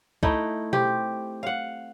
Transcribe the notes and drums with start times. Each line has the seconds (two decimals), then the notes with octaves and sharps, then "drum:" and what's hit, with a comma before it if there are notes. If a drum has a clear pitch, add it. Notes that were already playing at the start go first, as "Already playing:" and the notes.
0.23 A3 D#4 E4, drum: kick C#2
0.73 C4 G4, drum: tom B2
1.43 F5 F#5